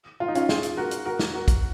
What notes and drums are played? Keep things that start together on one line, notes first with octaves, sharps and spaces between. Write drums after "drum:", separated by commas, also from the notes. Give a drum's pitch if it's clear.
F4
D#4
C#4 F4, drum: hi-hat
F4 G#4, drum: snare
drum: hi-hat
F#4 A#4
drum: hi-hat
F#4 A#4
drum: snare
F#4 A#4
drum: kick, hi-hat